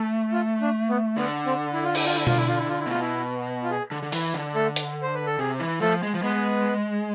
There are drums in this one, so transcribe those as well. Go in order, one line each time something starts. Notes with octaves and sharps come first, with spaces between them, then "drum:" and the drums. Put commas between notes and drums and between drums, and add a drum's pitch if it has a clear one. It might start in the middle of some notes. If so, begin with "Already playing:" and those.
Already playing: A3
F4
D4
B3
D3 B3
C4
E4
F4
E4, drum: cymbal
F4
E4
F4, drum: tom B2
E4
F4
E4
F4
E4
B2 F4
E4
F4
G#4
D3
D3
E3, drum: open hi-hat
D3
A3 A4
drum: hi-hat
C5
B4
A4
C3 G#4
E3
F3 A3 A4
G#3
F3
G#3 B3 B4